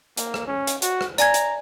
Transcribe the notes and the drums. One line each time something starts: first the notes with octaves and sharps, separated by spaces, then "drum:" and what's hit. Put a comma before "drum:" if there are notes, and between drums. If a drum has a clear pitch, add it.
A#3, drum: hi-hat
drum: rim click
C#4
drum: hi-hat
F#4, drum: hi-hat
drum: rim click
D5 G#5 A#5 G#6, drum: hi-hat
drum: hi-hat